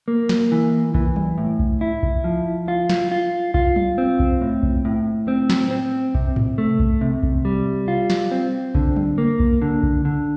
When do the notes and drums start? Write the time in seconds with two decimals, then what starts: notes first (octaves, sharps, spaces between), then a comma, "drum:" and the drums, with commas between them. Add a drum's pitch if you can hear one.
0.08 A#3
0.29 drum: snare
0.52 E3
0.94 E3, drum: kick B1
1.16 drum: tom F#3
1.38 A2
1.59 drum: kick B1
1.81 E4
2.03 drum: kick B1
2.24 F3
2.68 F4
2.89 drum: snare
3.11 F4
3.54 F4, drum: kick B1
3.76 drum: tom F#3
3.98 C4
4.20 drum: kick B1
4.41 A2
4.63 drum: kick B1
4.85 A2
5.28 C4
5.50 drum: snare
5.71 C4
6.15 C3, drum: kick B1
6.36 drum: tom G#2
6.58 A3
6.80 drum: kick B1
7.01 C3
7.23 drum: kick B1
7.45 G3
7.88 F4
8.10 drum: snare
8.31 C4
8.75 D3, drum: kick B1
8.96 drum: tom F#3
9.18 A#3
9.40 drum: kick B1
9.62 D3
9.83 drum: kick B1
10.05 D3